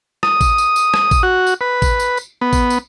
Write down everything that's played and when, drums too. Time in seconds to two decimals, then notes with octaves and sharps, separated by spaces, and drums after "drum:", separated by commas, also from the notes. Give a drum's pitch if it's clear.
0.23 D#6, drum: rim click
0.41 drum: kick A1, tambourine
0.58 drum: tambourine
0.76 drum: tambourine
0.94 drum: rim click
1.11 drum: kick A1, tambourine
1.23 F#4
1.47 drum: tambourine
1.61 B4
1.82 drum: kick A1, tambourine
2.00 drum: tambourine
2.17 drum: tambourine
2.41 B3
2.53 drum: kick A1, tambourine
2.70 drum: tambourine